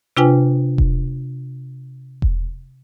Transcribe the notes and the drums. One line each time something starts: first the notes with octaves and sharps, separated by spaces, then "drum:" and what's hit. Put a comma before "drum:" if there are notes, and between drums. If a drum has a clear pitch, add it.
C3 D4 F4 B4 G5 G#5
drum: kick E1
drum: kick E1